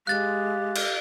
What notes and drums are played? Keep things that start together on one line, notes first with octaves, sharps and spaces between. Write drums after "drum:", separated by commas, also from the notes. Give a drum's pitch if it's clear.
G#3 G4 F5 F#6 A6
drum: cymbal